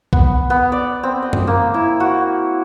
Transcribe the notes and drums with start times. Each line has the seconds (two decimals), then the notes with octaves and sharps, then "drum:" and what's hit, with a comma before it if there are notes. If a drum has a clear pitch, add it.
0.13 B3, drum: kick B1
0.50 B3
0.72 D5
1.03 C4
1.22 D#5
1.33 drum: tom F#2
1.47 A#3
1.74 E4
2.00 F#4